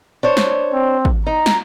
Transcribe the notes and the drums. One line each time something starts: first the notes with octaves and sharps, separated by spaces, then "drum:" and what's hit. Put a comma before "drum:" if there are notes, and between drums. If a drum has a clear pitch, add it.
D4 C5 C#5
drum: snare
C4
drum: kick
D#4 A#5
drum: snare